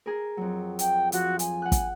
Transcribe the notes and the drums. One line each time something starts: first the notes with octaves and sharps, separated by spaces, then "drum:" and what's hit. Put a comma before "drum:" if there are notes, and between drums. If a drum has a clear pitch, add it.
G#4 A#4
F2 F#3
G5, drum: hi-hat
F3 F#4, drum: hi-hat
G#5, drum: hi-hat
F#5 F#6
drum: kick, hi-hat